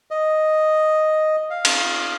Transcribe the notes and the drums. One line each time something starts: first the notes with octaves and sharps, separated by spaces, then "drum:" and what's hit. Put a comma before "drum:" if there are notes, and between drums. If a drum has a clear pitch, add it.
D#5
F5
drum: cymbal